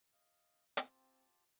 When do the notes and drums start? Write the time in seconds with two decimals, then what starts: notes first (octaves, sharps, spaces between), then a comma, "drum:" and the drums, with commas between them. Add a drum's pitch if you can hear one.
0.13 D#5 F5
0.77 C4 F4 G4 A5, drum: hi-hat